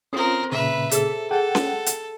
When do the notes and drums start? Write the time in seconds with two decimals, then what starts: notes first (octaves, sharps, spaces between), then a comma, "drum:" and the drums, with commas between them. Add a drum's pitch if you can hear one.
0.13 C4 C#4 F4 A4 A#4 D#6
0.52 A#2 C#3 B4 E5
0.91 G#4 A4 C5 E6, drum: hi-hat
1.31 G#4 A4 F#5 G5 A5
1.55 drum: snare C#4
1.86 drum: hi-hat